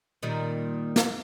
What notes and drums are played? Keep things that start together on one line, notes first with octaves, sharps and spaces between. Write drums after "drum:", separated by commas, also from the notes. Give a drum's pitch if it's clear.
A#2 D#3 G3
drum: snare